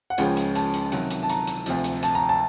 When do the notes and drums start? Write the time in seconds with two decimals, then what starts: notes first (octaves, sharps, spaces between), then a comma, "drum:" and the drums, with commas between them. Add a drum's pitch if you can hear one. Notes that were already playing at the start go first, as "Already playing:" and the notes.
0.10 F#5
0.18 C#2 C#3 F3 G#3 C#4 G5, drum: hi-hat
0.37 drum: hi-hat
0.55 A5, drum: hi-hat
0.74 drum: hi-hat
0.92 C3 D#3 F#3, drum: hi-hat
1.11 drum: hi-hat
1.23 A5
1.30 A#5, drum: hi-hat
1.47 drum: hi-hat
1.66 D2 C3 F3, drum: hi-hat
1.84 drum: hi-hat
2.03 A5, drum: hi-hat
2.15 A#5
2.29 A5